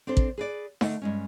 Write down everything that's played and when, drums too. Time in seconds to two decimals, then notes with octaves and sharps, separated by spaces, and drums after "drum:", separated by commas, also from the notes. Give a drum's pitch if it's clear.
0.07 C4 D4 A4 C5
0.17 drum: kick
0.38 G#4 B4 D5
0.81 D3 A3 D4 D#5 F#5, drum: snare D#4
1.02 G2 G#3 C#4